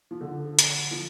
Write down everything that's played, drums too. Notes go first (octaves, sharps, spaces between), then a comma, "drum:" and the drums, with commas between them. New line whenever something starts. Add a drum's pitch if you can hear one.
F3
D3
drum: hi-hat
F3